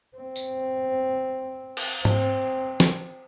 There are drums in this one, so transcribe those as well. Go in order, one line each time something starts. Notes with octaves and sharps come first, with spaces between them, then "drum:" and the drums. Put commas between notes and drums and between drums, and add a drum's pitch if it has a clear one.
C4
drum: tambourine
drum: cymbal
C4, drum: tom G#2
drum: snare